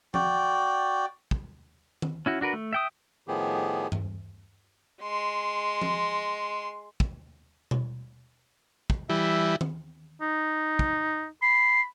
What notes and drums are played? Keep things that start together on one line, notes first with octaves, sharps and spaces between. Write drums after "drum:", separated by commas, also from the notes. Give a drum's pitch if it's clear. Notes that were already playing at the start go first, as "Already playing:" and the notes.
F#4 D5 G5, drum: tom F3
drum: kick
drum: tom D#3
C#4 E4 F#4
D4 F#4 A#4 B4
A3
E5 G5 D#6
A2 D#3 F3 B3 G4 G#4
drum: tom G2
G#3 C6
drum: tom F3
drum: kick
drum: tom B2
drum: kick
E3 G3 E5
drum: tom D#3
D#4
drum: kick
B5 C7